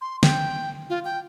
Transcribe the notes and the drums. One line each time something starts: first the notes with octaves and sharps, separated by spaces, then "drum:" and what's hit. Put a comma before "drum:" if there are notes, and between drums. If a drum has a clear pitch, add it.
C6
G5, drum: snare
F4
G5